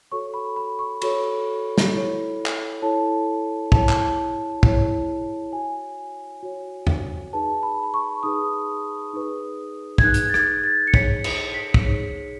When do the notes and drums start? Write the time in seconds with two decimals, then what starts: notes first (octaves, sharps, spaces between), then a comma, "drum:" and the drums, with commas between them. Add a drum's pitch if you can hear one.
0.12 F#4 A4 C#5 C#6
0.34 B5
0.56 B5
0.79 C#6
1.02 F#4 A4 C#5 B5, drum: cymbal
1.78 drum: snare
1.92 E4 A4 C#5
2.46 drum: clap
2.82 E4 A4 C#5 A5
3.72 E4 G#4 C#5 A5, drum: kick
3.89 drum: clap
4.63 E4 G#4 C#5, drum: kick
5.53 F#4 C#5 G#5
6.43 F#4 C#5
6.87 drum: tom E2
7.33 D#4 G#4 B4 A5
7.63 B5
7.84 B5
7.94 C#6
8.23 D#4 G#4 B4 D#6
9.13 D#4 G#4 B4
9.98 G#6, drum: kick
10.03 D#4 G#4 B4 F#6
10.14 drum: hi-hat
10.29 A6
10.34 G#6, drum: rim click
10.64 A6
10.87 C#7
10.94 D#4 G#4 C#5 B6, drum: kick
11.24 C#7, drum: cymbal
11.54 B6
11.74 drum: kick
11.84 D#4 G#4 C#5